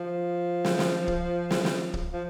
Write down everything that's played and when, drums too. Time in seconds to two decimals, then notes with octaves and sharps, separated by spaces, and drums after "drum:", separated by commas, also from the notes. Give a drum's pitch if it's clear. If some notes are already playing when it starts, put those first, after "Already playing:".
Already playing: F3
0.65 drum: snare
0.79 drum: snare
1.08 drum: kick
1.51 drum: snare
1.65 drum: snare
1.94 drum: kick
2.13 F3